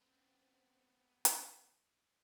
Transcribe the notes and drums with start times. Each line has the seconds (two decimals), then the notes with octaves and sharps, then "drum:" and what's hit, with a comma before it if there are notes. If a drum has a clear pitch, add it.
0.01 B3 C4
1.25 drum: hi-hat